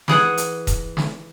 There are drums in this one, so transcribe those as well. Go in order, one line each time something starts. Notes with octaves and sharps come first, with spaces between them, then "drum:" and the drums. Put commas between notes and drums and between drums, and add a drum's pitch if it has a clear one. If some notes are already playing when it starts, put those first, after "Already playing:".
E3 G#4 F#5, drum: snare
drum: hi-hat
drum: kick D#1, hi-hat
drum: snare